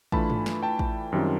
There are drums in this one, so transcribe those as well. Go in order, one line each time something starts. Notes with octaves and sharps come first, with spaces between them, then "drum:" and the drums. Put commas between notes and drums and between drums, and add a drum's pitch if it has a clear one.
E3 A3 D4 F4 A5 B5, drum: kick A1
drum: tom
drum: snare
G5 A5
drum: kick A1
F#2 D#3 G3 C4 F4